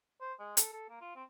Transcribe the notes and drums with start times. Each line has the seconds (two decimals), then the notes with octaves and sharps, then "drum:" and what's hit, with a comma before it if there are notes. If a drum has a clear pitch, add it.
0.21 C5
0.40 G#3
0.57 A4, drum: hi-hat
0.73 A4
0.90 A#3
1.01 F4
1.16 C4